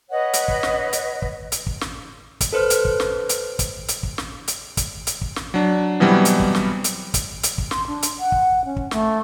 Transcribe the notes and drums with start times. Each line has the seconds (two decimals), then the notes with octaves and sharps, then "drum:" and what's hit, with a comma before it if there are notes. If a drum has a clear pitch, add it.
0.10 B4 C#5 D#5 F#5
0.33 drum: hi-hat
0.48 drum: kick
0.63 drum: snare
0.93 drum: hi-hat
1.22 drum: kick
1.52 drum: hi-hat
1.67 drum: kick
1.81 drum: snare
2.41 drum: kick, hi-hat
2.53 A4 B4 C5 F6
2.70 drum: hi-hat
2.85 drum: kick
3.00 drum: snare
3.29 drum: hi-hat
3.59 drum: kick, hi-hat
3.88 drum: hi-hat
4.03 drum: kick
4.18 drum: snare
4.48 drum: hi-hat
4.77 drum: kick, hi-hat
5.07 drum: hi-hat
5.22 drum: kick
5.36 drum: snare
5.54 F#3 D4
6.00 B2 E3 F#3 G3 C4
6.25 drum: hi-hat
6.40 drum: kick
6.55 drum: snare
6.84 drum: hi-hat
7.14 drum: kick, hi-hat
7.43 drum: hi-hat
7.58 drum: kick
7.71 C6, drum: snare
7.87 D4
8.03 drum: hi-hat
8.19 F#5
8.32 drum: kick
8.65 C#4
8.76 drum: kick
8.91 A3, drum: snare